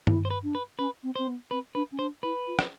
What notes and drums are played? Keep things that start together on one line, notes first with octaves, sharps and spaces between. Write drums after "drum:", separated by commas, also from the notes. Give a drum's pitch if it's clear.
E4, drum: tom G2
C5
B4
D4
B4
C#4 B4
C4
C4 C5
B3
C4 B4
D4 B4
C#4
D4 C5
E4 B4
F4
drum: rim click